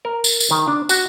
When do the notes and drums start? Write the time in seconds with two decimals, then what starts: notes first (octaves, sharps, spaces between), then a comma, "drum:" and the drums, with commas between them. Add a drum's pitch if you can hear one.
0.05 A#4
0.24 drum: tambourine
0.40 drum: tambourine
0.51 D#3
0.68 D4
0.89 F#4, drum: tambourine